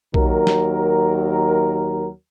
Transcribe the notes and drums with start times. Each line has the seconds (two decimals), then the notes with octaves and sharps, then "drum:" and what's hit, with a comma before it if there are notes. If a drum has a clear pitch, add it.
0.14 D#2 F#3 A#4, drum: kick B1
0.47 drum: snare